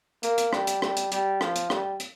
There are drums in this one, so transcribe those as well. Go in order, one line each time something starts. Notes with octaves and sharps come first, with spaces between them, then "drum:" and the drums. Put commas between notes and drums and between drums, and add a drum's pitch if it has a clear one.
A#3, drum: hi-hat
drum: hi-hat
G3, drum: rim click
drum: hi-hat
G3, drum: rim click
drum: hi-hat
G3, drum: hi-hat
F3, drum: rim click
drum: hi-hat
G3, drum: rim click
drum: hi-hat